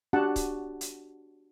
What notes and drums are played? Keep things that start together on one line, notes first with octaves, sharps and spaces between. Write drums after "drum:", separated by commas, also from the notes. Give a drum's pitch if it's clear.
D4 F#4 G4 F#5 A5
drum: kick C#1, hi-hat
drum: hi-hat